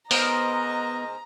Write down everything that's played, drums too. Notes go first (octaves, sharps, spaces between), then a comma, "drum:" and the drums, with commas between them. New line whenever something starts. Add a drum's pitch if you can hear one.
G#2 B3 A#4 C5 D#5 A#5, drum: open hi-hat